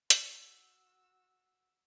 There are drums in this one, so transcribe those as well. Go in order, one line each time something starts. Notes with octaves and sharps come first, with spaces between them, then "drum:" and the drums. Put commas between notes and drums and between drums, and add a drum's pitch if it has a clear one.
F#4 E6, drum: hi-hat